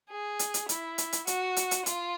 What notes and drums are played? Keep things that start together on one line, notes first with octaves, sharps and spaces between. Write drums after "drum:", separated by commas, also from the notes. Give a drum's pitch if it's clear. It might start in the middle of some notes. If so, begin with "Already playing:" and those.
G#4
drum: hi-hat
drum: hi-hat
E4, drum: hi-hat
drum: hi-hat
drum: hi-hat
F#4, drum: hi-hat
drum: hi-hat
drum: hi-hat
F4, drum: hi-hat